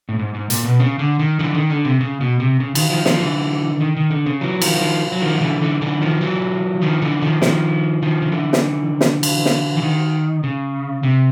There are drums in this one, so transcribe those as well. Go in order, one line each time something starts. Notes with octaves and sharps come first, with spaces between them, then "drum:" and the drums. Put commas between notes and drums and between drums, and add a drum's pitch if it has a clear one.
A2
G#2
G#2
A#2, drum: hi-hat
B2
C#3
D3
D#3
D3 E3
D#3
D3
C3
C#3
B2
C3
C#3
D#3, drum: cymbal
D#3 F3
D#3 F3, drum: snare
D3 E3
D#3
D#3
D3
C#3
E3 F#3
D#3 F3, drum: cymbal
F#3
D#3 F3
F#3
D#3 F3
F3
D3 E3
D3 E3
D3 E3
D#3 F3
E3 F#3
D#3 F3
D3 E3
D#3 F3
D#3 F3, drum: snare
D#3 F3
D#3
D3 E3
drum: snare
drum: snare
drum: cymbal
drum: snare
E3
D#3
C#3
C3